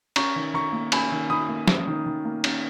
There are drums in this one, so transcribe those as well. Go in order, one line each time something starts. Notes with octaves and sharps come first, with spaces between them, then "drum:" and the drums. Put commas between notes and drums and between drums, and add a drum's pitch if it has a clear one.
C#4 A#5 C#6, drum: cymbal
D#3
D#3 A#5 C#6
A#3
C#4 G#5 B5, drum: cymbal
D#3
D#3 B5 D#6
A#3
C#4, drum: snare
D#3
D#3
A#3
C#4, drum: cymbal